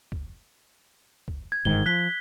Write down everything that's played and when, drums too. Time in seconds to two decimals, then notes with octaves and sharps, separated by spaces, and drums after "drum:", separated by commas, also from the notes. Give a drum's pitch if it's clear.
0.12 drum: kick
1.28 drum: kick
1.52 G#6
1.65 G1 G#2 D#3 G7
1.86 F3 F#6 B6 G7